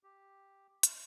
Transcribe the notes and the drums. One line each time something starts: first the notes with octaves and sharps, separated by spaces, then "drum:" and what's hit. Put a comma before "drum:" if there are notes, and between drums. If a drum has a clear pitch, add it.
G4
F6, drum: hi-hat